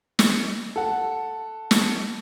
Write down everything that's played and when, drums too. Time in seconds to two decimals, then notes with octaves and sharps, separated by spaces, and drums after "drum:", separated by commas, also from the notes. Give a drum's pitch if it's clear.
0.19 drum: snare
0.76 A4 F#5
1.71 drum: snare